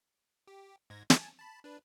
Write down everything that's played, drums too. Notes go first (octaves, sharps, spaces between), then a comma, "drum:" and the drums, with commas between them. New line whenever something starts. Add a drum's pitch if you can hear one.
G4
G#2 G#6 A#6
G#5 A5, drum: snare
A5 B5
D4 B4